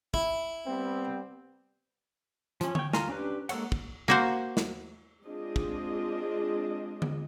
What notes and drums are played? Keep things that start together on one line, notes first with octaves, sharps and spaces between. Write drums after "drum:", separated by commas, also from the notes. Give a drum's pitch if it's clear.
E4, drum: kick
G3 B3 C4
F3 C#4, drum: hi-hat
C#5 G5, drum: tom D3
F4 G#5 A#5 C6, drum: snare
C#4 D4 G4 B4
G#3 A#3 A4 C#5 F#5, drum: cymbal
drum: kick
A#3 F#4 C5
drum: snare
G#3 C4 D4 F4 G#4 D#5
drum: kick
drum: tom D3